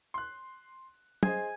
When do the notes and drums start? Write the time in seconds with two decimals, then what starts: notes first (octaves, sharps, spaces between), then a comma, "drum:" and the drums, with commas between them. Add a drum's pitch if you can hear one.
0.14 C6 F#6
1.23 G#4 C5 D#5 G#5, drum: tom